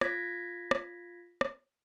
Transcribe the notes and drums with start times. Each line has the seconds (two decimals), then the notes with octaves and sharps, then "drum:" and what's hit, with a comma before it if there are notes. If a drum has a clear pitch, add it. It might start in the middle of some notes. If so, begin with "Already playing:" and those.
0.01 F4 G#6 A#6 B6, drum: rim click
0.71 drum: rim click
1.41 drum: rim click